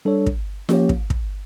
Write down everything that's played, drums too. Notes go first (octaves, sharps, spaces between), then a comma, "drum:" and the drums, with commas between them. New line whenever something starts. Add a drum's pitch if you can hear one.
G3 D4 A4 C#5
drum: kick
F3 A#3 C#4 G4 C#5, drum: snare F4
drum: kick
drum: kick